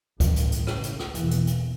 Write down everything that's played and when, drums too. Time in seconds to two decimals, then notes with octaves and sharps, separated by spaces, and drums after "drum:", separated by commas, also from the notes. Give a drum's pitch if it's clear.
0.20 A1 G2 D#3, drum: kick C#2, hi-hat
0.36 drum: hi-hat
0.52 drum: hi-hat
0.67 C#2 C#3, drum: rim click
0.83 drum: hi-hat
0.99 drum: rim click
1.15 F#1 E2 B2 E3, drum: hi-hat
1.31 drum: hi-hat
1.47 drum: hi-hat